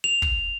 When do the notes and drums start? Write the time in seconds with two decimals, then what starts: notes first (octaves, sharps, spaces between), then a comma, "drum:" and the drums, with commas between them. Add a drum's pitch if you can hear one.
0.04 F7
0.22 drum: kick